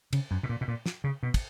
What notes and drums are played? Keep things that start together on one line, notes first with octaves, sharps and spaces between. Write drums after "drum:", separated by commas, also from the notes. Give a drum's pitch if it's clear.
C#3, drum: cymbal
F#2
B2
A#2
B2
A#2
drum: snare
C#3
B2
drum: kick, cymbal